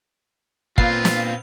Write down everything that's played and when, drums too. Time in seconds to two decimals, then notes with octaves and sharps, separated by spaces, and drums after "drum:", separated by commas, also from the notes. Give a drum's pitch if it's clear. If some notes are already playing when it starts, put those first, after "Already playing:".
0.78 A#2 B3 C4 F4 B4 F5 C7, drum: kick
1.05 drum: snare